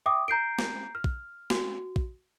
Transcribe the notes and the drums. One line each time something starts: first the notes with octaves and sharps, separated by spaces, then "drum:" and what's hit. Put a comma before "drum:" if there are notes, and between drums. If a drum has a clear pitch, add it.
E5 G5 D6 D#6
A#5 G6 C7 D7
drum: snare
F6
drum: kick
F#4, drum: snare
drum: kick